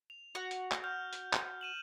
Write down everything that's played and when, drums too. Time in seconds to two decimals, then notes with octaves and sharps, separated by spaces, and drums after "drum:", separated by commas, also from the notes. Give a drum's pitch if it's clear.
0.10 F7
0.35 F#4
0.51 drum: hi-hat
0.72 drum: clap
0.84 F6 G6 F7
1.13 drum: hi-hat
1.33 drum: clap
1.61 D#7 E7 F#7